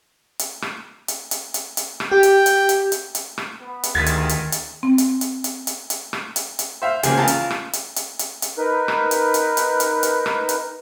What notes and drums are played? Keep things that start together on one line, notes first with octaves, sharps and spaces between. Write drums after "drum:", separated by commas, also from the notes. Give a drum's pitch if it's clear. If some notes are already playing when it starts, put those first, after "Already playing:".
drum: hi-hat
drum: rim click
drum: hi-hat
drum: hi-hat
drum: hi-hat
drum: hi-hat
drum: rim click
G4 G5
drum: hi-hat
drum: hi-hat
drum: hi-hat
drum: hi-hat
drum: hi-hat
drum: rim click
B3
drum: hi-hat
D2 G2 A#2 D#3 G#3 G#6 A6 B6
drum: hi-hat
drum: hi-hat
drum: hi-hat
C4
drum: hi-hat
drum: hi-hat
drum: hi-hat
drum: hi-hat
drum: hi-hat
drum: rim click
drum: hi-hat
drum: hi-hat
C5 E5 F5
C#2 F3 A#3 G#4, drum: hi-hat
C#3 E3 F4 A5
drum: hi-hat
drum: rim click
drum: hi-hat
drum: hi-hat
drum: hi-hat
drum: hi-hat
D#4 A#4 B4
drum: rim click
drum: hi-hat
drum: hi-hat
drum: hi-hat
drum: hi-hat
drum: hi-hat
drum: rim click
drum: hi-hat